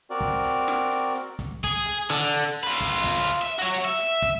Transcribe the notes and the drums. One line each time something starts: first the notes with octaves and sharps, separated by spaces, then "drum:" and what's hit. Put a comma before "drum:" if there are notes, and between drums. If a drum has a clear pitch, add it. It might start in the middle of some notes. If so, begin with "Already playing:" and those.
C4 F#4 A#4 D5
drum: kick
drum: hi-hat
drum: snare
drum: hi-hat
drum: hi-hat
drum: kick, hi-hat
G#4, drum: kick
drum: hi-hat
D3, drum: snare
drum: hi-hat
F4 B4
drum: kick, hi-hat
drum: kick, hi-hat
drum: hi-hat
E5
F#4 C#5
drum: hi-hat
E5
drum: hi-hat
drum: kick, hi-hat